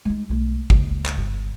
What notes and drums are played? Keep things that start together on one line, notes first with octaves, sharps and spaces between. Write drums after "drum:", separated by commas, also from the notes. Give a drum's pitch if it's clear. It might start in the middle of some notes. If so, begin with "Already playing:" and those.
G#3 D#4
B1 A3
F#1 C#2, drum: kick
drum: clap
G1